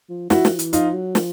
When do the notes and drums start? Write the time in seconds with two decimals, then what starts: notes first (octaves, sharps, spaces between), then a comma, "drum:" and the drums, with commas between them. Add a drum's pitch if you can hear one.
0.09 F3
0.30 F3 E4 F#4, drum: snare
0.45 F3, drum: snare
0.59 E3, drum: hi-hat
0.73 F3 D#4 F4, drum: hi-hat
0.94 F#3
1.15 F3, drum: snare